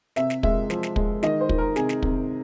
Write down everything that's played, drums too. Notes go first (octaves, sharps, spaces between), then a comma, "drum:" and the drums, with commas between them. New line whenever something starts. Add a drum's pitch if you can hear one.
C3 E5, drum: snare
drum: snare
G#3 E5, drum: kick
F3, drum: snare
drum: snare
G#3, drum: kick
D#3 D#5, drum: snare
C5
D#3, drum: kick
A#4
C3 G#4, drum: snare
drum: snare
C3, drum: kick